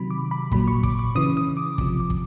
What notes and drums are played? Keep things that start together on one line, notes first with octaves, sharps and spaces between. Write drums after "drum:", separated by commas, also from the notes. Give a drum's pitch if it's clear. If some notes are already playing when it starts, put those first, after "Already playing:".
Already playing: C3 D#3 F#3 B5
D6
B5
A#2 F#3 B5, drum: kick
C#6
D6, drum: kick
D6
C#3 E3 D#6
D#6
D6
C3 F3 D6, drum: kick
D6
drum: kick